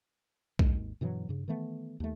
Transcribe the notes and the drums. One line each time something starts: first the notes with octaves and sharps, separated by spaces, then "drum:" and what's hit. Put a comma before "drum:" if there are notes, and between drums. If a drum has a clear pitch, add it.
G#1 D#2 G#3, drum: kick B1
G2 B2 E3 F#3
G2 C#3
D#3 E3 A3 B3
D#2 A3